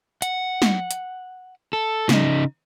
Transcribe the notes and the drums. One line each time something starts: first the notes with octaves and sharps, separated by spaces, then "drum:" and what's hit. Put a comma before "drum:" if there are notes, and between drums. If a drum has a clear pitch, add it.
F#5, drum: hi-hat
drum: snare
drum: hi-hat
A4
C#3 D#4, drum: snare